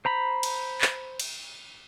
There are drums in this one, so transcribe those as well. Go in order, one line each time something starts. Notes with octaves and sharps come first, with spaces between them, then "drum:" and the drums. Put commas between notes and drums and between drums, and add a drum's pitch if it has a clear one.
C5 A#5 B5
drum: cymbal
drum: clap
drum: cymbal